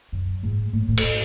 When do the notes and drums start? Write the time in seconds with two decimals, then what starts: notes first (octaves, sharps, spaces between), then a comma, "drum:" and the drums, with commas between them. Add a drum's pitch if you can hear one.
0.12 F#2
0.43 G#2
0.73 A2
0.88 A2
0.98 drum: cymbal